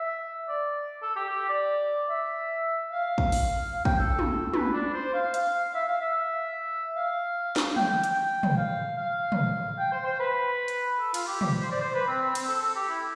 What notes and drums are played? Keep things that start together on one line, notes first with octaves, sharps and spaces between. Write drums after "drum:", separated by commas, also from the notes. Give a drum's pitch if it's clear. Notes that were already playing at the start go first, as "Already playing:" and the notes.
Already playing: E5
D5
A4
G4
G4
D5
E5
F5
drum: kick
drum: open hi-hat
F5
G5, drum: kick
A4
drum: tom
B4, drum: tom
D4
C5
F5
F5, drum: hi-hat
E5
F5
E5
F5
drum: snare
G5, drum: tom
G5
G5, drum: hi-hat
drum: tom
F5
F5
drum: tom
G5
C5
C5
B4
drum: hi-hat
A4
F4, drum: cymbal
G4
G4, drum: tom
C5
D5
C5
B4
C4
C4
C4, drum: cymbal
A4
A4
G4
E4